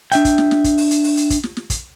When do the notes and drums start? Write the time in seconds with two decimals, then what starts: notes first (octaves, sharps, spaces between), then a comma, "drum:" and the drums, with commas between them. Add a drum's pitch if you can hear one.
0.12 D4 E5 G5, drum: hi-hat
0.25 drum: kick, hi-hat
0.38 drum: snare
0.51 drum: snare
0.64 drum: kick, hi-hat
0.78 drum: open hi-hat
0.91 drum: hi-hat
1.04 drum: open hi-hat
1.17 drum: hi-hat
1.30 drum: kick, hi-hat
1.43 drum: snare
1.57 drum: snare
1.70 drum: kick, hi-hat